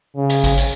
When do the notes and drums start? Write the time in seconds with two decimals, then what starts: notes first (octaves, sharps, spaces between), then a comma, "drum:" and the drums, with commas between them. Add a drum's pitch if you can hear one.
0.16 C#3
0.30 drum: hi-hat
0.44 drum: kick G#1, hi-hat
0.58 drum: hi-hat